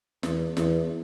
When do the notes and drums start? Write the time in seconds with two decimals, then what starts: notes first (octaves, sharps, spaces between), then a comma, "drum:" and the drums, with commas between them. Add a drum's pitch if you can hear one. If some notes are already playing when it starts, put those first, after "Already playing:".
0.23 E2, drum: snare
0.57 E2, drum: snare